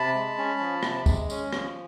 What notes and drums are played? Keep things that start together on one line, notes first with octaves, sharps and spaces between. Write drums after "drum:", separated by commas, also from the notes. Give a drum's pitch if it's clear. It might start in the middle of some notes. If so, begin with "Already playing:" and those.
Already playing: C3 A5 B5
G#3
C#4
F3
C3, drum: rim click
G#3, drum: kick, tambourine
C#4, drum: tambourine
F3, drum: rim click